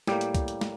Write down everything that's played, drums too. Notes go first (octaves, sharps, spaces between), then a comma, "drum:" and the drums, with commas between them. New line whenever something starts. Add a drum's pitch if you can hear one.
A2 G3 A#3 G4, drum: snare
drum: hi-hat
drum: kick C2, hi-hat
drum: hi-hat
drum: snare